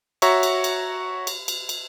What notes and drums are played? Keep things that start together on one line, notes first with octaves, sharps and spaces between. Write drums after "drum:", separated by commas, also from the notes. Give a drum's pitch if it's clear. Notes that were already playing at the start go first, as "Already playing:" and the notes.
F#4 C#5 E5 A#5 C#6, drum: cymbal
drum: cymbal
drum: cymbal
drum: cymbal
drum: cymbal
drum: cymbal